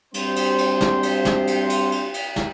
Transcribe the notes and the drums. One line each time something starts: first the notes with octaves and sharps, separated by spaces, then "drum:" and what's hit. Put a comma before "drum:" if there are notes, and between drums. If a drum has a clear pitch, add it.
G3 C4 D4 F#4 C5, drum: cymbal
drum: cymbal
drum: cymbal
drum: snare
drum: cymbal
drum: snare
drum: cymbal
drum: cymbal
drum: cymbal
drum: cymbal
drum: snare